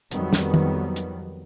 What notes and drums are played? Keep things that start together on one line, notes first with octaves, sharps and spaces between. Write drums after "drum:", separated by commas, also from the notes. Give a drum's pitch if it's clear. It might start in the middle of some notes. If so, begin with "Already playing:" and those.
F2 D#3 F#3 G3 B3, drum: hi-hat
drum: snare
drum: tom
drum: hi-hat